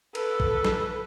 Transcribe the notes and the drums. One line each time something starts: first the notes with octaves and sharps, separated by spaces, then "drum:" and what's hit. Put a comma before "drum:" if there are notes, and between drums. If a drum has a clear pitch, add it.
A4 B4, drum: cymbal
drum: kick
drum: snare